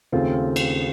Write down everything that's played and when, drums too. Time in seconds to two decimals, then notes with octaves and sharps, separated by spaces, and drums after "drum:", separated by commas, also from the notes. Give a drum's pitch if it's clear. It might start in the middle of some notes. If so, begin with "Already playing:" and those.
0.12 D#2 C#3 A3 C4 F4
0.56 drum: cymbal